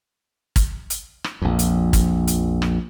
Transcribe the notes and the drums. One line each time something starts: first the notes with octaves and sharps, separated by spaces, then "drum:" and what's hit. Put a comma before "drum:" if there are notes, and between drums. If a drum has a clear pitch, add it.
drum: kick, hi-hat
drum: hi-hat
drum: rim click
A#1 F2
drum: hi-hat
drum: kick, hi-hat
drum: hi-hat
drum: rim click